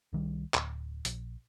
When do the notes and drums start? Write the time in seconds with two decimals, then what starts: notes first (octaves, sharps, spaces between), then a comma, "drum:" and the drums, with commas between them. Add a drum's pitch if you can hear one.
0.13 C2 D#3 G3
0.54 D1, drum: clap
1.05 A#1, drum: hi-hat